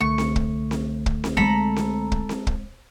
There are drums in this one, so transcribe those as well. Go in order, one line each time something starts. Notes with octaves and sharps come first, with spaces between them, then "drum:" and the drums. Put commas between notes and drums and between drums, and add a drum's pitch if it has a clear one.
C2 D3 A3 C#6
drum: snare C4
drum: kick
drum: snare C4
drum: kick
drum: snare C4
G#3 C4 A4 A#5 B5
drum: snare C4
drum: kick
drum: snare C4
drum: kick